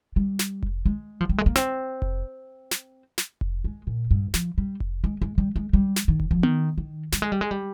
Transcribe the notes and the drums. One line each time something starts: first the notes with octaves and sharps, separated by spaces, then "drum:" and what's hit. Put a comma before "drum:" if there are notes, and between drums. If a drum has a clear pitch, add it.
G3
drum: snare
drum: kick F1
G#3
F3
G3
G#3
A#3
C4, drum: snare
drum: kick F1
drum: snare
drum: snare
drum: kick F1
G#3
A#2
G2
F3, drum: snare
G3
drum: kick F1
G#3
G#3
G3
G#3
G3
drum: snare
D#3
drum: kick F1
F3
D#3, drum: tom B3
D#3
G3, drum: snare
G#3
G3
G#3
G3